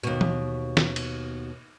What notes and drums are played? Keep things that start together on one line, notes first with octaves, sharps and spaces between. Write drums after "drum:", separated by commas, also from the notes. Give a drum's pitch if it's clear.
D#2 B2
drum: tom E3
drum: snare
drum: cymbal